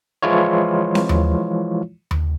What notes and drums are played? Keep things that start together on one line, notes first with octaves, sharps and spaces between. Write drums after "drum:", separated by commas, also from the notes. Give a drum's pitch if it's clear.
E3 F3 G#3 E4 F4 C#5
drum: snare C4
drum: tom D#2
drum: tom D#2